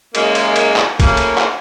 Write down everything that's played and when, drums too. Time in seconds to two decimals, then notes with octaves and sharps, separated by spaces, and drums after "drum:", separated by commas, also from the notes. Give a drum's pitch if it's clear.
0.15 F#2 G#3 A#3, drum: cymbal
0.35 drum: cymbal
0.56 drum: cymbal
0.76 drum: clap
1.00 C#3 F#3 A3 A#3, drum: kick, cymbal
1.17 drum: cymbal
1.38 drum: clap